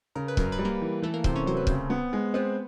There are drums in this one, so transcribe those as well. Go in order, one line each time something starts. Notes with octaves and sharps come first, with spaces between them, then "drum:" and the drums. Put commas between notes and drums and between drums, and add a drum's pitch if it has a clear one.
C#3 A#4
B4
F#2 A#4, drum: kick
B4
G3
A#3 A#4
E3
E3 A3 A4
A#3 A#4
C3 C4 C5, drum: kick
C#4 C#5
F#3 C5
B4
C#3 C4 C5, drum: kick
B3
G#3
B3 C4 B4